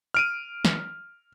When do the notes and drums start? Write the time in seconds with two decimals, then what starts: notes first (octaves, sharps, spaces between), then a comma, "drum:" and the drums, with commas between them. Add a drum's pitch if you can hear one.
0.14 F6 D7 D#7
0.65 drum: snare